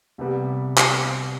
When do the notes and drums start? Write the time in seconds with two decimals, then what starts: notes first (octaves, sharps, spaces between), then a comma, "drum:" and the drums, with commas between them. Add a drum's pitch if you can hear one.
0.18 C2 C3 G3 B3
0.78 drum: clap